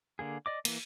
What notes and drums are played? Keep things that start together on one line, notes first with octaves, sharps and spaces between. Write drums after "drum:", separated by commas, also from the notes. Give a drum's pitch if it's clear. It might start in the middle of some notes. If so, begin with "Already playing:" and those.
D3 A#3 G#4
D5 D#5 D6
E3 A#3, drum: cymbal